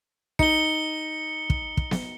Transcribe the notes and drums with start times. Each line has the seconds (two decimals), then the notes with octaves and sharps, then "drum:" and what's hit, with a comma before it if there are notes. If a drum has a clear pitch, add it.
0.39 D#4 C#7 G7, drum: kick
1.50 drum: kick
1.77 drum: kick
1.91 drum: snare B3